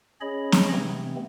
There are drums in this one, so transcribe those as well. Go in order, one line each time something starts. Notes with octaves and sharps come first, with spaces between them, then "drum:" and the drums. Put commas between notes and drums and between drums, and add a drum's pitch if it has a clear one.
C#4 G#4 C#5 D#5 B5
drum: snare C4
C3 E3 G#3 A3 B3 C4